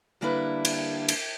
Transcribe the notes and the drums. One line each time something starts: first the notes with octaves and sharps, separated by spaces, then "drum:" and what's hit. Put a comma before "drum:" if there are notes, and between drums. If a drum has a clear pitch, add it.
D3 G3 A#3 D4 E4 B4
drum: cymbal
drum: cymbal